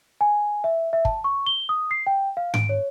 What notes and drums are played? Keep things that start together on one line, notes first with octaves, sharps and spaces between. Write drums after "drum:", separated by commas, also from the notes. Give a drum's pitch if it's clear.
G#5
E5
E5
A5, drum: kick
C#6
G7
D#6
C7
G5
F5
D7, drum: tom G#2
C#5